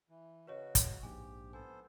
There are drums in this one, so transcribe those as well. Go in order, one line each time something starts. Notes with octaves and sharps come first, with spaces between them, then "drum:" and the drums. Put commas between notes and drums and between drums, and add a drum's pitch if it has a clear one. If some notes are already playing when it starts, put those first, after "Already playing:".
E3
C#3 F#4 B4 C#5 D#5
drum: kick, hi-hat
A#1 G#2 G4 G#5
B3 A4 C5 G#5